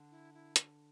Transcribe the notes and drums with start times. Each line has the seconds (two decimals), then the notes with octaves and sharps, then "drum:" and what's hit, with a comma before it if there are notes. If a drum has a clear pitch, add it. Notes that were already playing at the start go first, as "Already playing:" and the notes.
Already playing: D3
0.11 E4
0.34 E4
0.56 drum: hi-hat